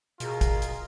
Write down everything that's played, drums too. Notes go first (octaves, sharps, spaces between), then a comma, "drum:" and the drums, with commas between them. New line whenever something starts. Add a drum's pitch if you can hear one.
B2 F4 G#4 A#4, drum: hi-hat
drum: kick, hi-hat
drum: hi-hat